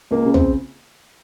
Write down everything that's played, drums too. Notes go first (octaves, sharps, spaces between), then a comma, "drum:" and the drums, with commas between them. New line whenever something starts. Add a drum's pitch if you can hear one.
C#2 A#3
C#3
C4, drum: tom